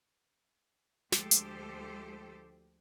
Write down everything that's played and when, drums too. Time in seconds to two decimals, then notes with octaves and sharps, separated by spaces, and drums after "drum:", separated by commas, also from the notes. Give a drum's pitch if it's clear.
1.12 D2 F3 G#3 G4 A4 C5, drum: snare
1.31 drum: hi-hat